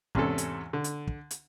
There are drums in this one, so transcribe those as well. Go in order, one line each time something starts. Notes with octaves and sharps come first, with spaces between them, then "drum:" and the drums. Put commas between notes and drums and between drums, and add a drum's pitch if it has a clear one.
E2 G#2 C3 C#4 A4, drum: kick
drum: hi-hat
D3
drum: hi-hat
drum: kick
drum: hi-hat